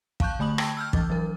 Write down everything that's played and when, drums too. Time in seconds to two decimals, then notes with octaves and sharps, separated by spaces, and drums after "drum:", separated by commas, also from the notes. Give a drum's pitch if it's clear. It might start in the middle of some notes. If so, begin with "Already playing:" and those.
0.20 F5 A5 C#6 F#6 G6, drum: kick
0.39 D3 A3 B5 D#6 F#7
0.58 G5 A5 C#6 E6 G#6, drum: rim click
0.77 E6 F6 G6
0.93 E3 D6 A6, drum: kick
1.10 E3 F#3 A#4